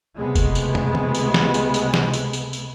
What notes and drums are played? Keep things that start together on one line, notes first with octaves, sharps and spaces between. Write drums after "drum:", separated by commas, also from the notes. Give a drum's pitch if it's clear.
C#2 C3 G#3 A3 B3
drum: kick F1, tambourine
drum: tambourine
drum: tom
drum: tom
drum: tambourine
drum: snare E3
drum: tambourine
drum: tambourine
drum: snare E3
drum: tambourine
drum: tambourine
drum: tambourine